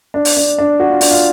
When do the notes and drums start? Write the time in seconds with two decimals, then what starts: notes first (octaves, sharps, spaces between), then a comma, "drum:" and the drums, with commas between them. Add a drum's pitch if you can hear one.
0.14 D4
0.25 drum: open hi-hat
0.37 D4
0.59 D4
0.80 F#4
0.90 F4
1.01 D4, drum: open hi-hat
1.11 F4